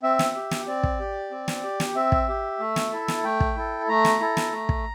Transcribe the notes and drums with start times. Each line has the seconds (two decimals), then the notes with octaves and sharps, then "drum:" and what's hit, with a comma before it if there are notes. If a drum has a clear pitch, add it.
0.03 C4 E5
0.19 drum: snare
0.35 G4
0.51 drum: snare
0.67 C4 D5
0.83 drum: kick
0.99 G4
1.31 C4
1.48 drum: snare
1.63 G4
1.80 drum: snare
1.95 C4 E5
2.12 drum: kick
2.29 G4
2.60 A3
2.76 drum: snare
2.93 E4 A4
3.08 drum: snare
3.24 A3 G5
3.40 drum: kick
3.57 E4 A4
3.88 A3 A#5
4.05 drum: snare
4.20 E4 A4
4.37 drum: snare
4.53 A3
4.69 drum: kick